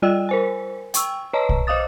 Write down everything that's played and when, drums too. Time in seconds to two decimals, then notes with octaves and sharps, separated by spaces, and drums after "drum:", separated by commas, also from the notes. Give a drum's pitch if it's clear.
0.02 G3 F4 D5 D#5 G5 E6
0.29 A#4 C5 G#5
0.94 G5 C#6 E6, drum: hi-hat
1.33 B4 C#5 D#5 A5 A#5
1.49 drum: kick
1.67 C5 D#5 F5 D6 D#6 A6